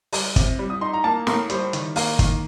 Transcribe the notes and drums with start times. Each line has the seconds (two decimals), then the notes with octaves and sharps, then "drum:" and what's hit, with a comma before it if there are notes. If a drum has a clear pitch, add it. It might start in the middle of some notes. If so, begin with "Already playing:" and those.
0.13 G3, drum: open hi-hat
0.36 C3, drum: kick, hi-hat
0.59 G3
0.70 D#6
0.81 D#4 C6
0.94 A#5
1.04 A#3 A5
1.27 A2 A#4, drum: snare
1.50 G3 C5, drum: hi-hat
1.73 D#3, drum: hi-hat
1.96 A#3 F5, drum: open hi-hat
2.19 D#3, drum: kick, hi-hat